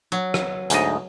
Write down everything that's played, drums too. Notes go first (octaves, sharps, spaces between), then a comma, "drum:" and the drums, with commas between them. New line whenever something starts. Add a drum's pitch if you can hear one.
F#3
drum: rim click
D2 G#2 D#5, drum: hi-hat